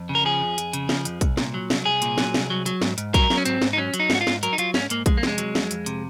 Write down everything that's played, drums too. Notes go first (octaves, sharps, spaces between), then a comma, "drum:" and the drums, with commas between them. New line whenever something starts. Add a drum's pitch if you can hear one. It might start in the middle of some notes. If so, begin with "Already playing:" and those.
Already playing: F2
C#3
A#4
F3 G#4
F2
F2, drum: hi-hat
C#3, drum: hi-hat
F3, drum: snare
F2, drum: hi-hat
C2, drum: kick, hi-hat
A#2, drum: snare
F#3
C2, drum: snare
C2 G#4
A#2, drum: hi-hat
F#3, drum: snare
C2, drum: snare
F#3
F#3, drum: hi-hat
G#2, drum: snare
G#2, drum: hi-hat
F#3 A#4, drum: kick, hi-hat
F#3, drum: snare
C#4
G#2 C4, drum: hi-hat
G#2, drum: snare
D#4
F#3 C#4
F#3, drum: hi-hat
D#4
G#2, drum: snare
F#4
F4
G#2, drum: snare
F#3 A#4, drum: hi-hat
D#4
F#3 F4, drum: hi-hat
G#2 C#4, drum: snare
G#2 A#3, drum: hi-hat
F2 G#3, drum: kick, hi-hat
A#3
C3 G#3, drum: snare
F#3, drum: hi-hat
F2, drum: snare
F2, drum: hi-hat
C3, drum: hi-hat